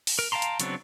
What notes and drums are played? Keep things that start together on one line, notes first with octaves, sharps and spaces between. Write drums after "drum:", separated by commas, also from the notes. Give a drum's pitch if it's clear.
drum: open hi-hat
A#4
F5 G5 A5 A#5 C6
drum: hi-hat
C#3 F#3 B3 C4 D4, drum: hi-hat